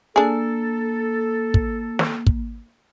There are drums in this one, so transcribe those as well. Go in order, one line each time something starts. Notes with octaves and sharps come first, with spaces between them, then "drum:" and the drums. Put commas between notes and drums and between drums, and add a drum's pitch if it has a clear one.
A#3 D4 G#4 A4
drum: kick
drum: snare
drum: kick